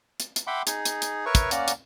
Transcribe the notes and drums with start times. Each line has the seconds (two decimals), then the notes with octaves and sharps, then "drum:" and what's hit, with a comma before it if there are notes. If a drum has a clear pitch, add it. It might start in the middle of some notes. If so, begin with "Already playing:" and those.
0.20 drum: hi-hat
0.36 drum: hi-hat
0.47 E5 F#5 G5 B5 C6 D6
0.67 D#4 G#4, drum: hi-hat
0.85 drum: hi-hat
1.02 drum: hi-hat
1.26 A#4 B4 C#5 E5 C#6
1.35 drum: kick, hi-hat
1.51 A#3 C#4 D5 F#5 A#5, drum: hi-hat
1.68 drum: hi-hat